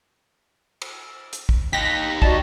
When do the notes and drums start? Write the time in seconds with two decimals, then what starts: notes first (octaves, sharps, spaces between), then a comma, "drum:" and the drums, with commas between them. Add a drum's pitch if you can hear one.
0.82 drum: cymbal
1.33 drum: hi-hat
1.49 drum: kick
1.73 D#4 G4 A#6 B6
2.22 F#4 D5 D#5 A5, drum: kick